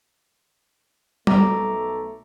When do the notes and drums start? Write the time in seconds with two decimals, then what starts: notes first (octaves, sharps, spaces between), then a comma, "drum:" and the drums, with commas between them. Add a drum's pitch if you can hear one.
1.27 B1 A3 A#5 D6, drum: tom G3